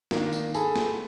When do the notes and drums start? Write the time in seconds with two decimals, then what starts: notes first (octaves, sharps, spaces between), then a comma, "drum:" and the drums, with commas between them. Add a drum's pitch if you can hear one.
0.11 D#3 A#3 D4, drum: snare
0.33 drum: tambourine
0.54 G#4 A4 A5 B5, drum: tambourine
0.76 drum: snare